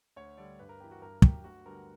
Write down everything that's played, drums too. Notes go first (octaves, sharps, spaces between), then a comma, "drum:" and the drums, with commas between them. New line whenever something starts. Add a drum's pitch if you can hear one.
D2 C#5
D3 G3 D5
G2 B4
A#4
E3 B3 G4
F#4
G2 A#4
F#3 A#3 G4, drum: kick
D2 F#4
D3 G3 B3 A#4